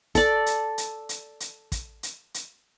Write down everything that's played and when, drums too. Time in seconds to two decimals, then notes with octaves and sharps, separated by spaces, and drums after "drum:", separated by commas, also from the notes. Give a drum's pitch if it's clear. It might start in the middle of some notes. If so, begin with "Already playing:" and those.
0.15 A4 D5, drum: kick, hi-hat
0.46 drum: hi-hat
0.78 drum: hi-hat
1.09 drum: hi-hat
1.40 drum: hi-hat
1.72 drum: kick, hi-hat
2.03 drum: hi-hat
2.34 drum: hi-hat